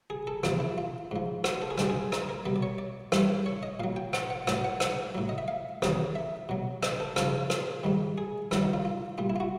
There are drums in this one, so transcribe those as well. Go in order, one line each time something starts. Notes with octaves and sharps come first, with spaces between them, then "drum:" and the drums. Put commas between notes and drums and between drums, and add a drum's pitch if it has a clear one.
G#4
A4
E2 C3 F3 F4, drum: rim click
E4
F4
G#2 F3
F#4, drum: rim click
A4
G#4
F#2 D3 G3 G4, drum: rim click
G#4
A#4, drum: rim click
A#4
B2 G3 B4
D5
C#5
D5
G2 E3 G3, drum: rim click
C#5
D#5
A#2 F#3 F5
G5
F#5, drum: rim click
F#5
A2 F#3 F#5, drum: rim click
F#5
F#5, drum: rim click
A2 F#3
D#5
E5
F5
E2 C3 D#3 F#3, drum: rim click
E5
B2 F#3
D#5, drum: rim click
A4
F#2 C#3 F3 A4, drum: rim click
drum: rim click
G#2 D#3 G3
G#4
G2 D#3 F#3 E4, drum: rim click
D#4
F4
F4
A#2 G3 F4
E4
F4
F#4